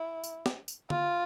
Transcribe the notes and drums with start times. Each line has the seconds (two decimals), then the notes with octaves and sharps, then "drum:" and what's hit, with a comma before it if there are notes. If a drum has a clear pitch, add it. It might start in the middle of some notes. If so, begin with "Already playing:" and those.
Already playing: E4
0.24 drum: tambourine
0.46 drum: snare
0.68 drum: tambourine
0.90 F4, drum: tom D3